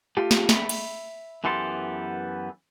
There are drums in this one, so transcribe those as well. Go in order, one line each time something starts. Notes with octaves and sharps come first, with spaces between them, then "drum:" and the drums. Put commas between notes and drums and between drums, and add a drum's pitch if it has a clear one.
A3 F4 G4 A4
drum: snare
E5 B5, drum: snare
drum: cymbal
F#2 E3 B3 G4 A4 C6